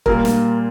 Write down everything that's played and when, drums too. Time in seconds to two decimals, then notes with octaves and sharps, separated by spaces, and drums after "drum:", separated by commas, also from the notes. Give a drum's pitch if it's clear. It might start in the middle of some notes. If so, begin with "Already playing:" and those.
0.06 A#2 G3 A#3 F4 A#4, drum: kick
0.25 drum: snare